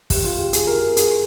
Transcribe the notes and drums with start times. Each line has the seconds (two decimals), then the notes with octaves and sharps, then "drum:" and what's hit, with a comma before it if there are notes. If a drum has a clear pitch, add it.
0.10 G4, drum: kick, open hi-hat
0.24 F4
0.39 G4
0.53 G#4, drum: hi-hat
0.67 A#4
0.97 G#4, drum: hi-hat